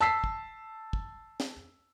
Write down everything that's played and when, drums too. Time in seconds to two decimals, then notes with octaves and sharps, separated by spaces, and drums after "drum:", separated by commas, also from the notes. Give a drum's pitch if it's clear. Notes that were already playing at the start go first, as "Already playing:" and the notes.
0.01 A5 E6 B6 C7
0.24 drum: kick
0.93 drum: kick
1.40 drum: snare